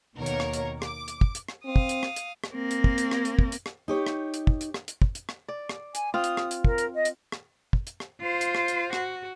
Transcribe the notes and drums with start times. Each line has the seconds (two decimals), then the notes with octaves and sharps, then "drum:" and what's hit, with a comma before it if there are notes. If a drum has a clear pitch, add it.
0.17 D#2 B2 D#3 A#3 A#4 C#5
0.26 drum: hi-hat
0.40 drum: rim click
0.53 drum: hi-hat
0.82 D6, drum: rim click
1.08 drum: hi-hat
1.21 drum: kick
1.35 drum: hi-hat
1.49 drum: rim click
1.65 C4 F5 D#6
1.76 drum: kick
1.89 drum: hi-hat
2.03 drum: rim click
2.16 drum: hi-hat
2.44 drum: rim click
2.54 A#3 C4
2.71 drum: hi-hat
2.84 drum: kick
2.98 drum: hi-hat
3.11 drum: rim click
3.25 drum: hi-hat
3.39 drum: kick
3.52 drum: hi-hat
3.66 drum: rim click
3.88 D#4 G4 C#5
4.07 drum: rim click
4.34 drum: hi-hat
4.47 drum: kick
4.61 drum: hi-hat
4.74 drum: rim click
4.88 drum: hi-hat
5.02 drum: kick
5.15 drum: hi-hat
5.29 drum: rim click
5.48 D5
5.69 drum: rim click
5.95 G#5, drum: hi-hat
6.14 C4 F4 D#6
6.24 drum: hi-hat
6.37 drum: rim click
6.51 drum: hi-hat
6.65 A#4, drum: kick
6.78 drum: hi-hat
6.95 D#5
7.05 drum: hi-hat
7.32 drum: rim click
7.73 drum: kick
7.87 drum: hi-hat
8.00 drum: rim click
8.21 F4 C5
8.41 drum: hi-hat
8.55 drum: rim click
8.68 drum: hi-hat
8.93 F#4, drum: rim click